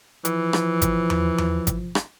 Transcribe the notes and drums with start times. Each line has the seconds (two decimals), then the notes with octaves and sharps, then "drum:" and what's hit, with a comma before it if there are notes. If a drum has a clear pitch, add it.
0.25 E3 F3, drum: hi-hat
0.53 drum: rim click
0.82 drum: kick G#1, hi-hat
1.10 drum: tom E2
1.38 drum: tom E2
1.67 drum: kick G#1, hi-hat
1.95 drum: rim click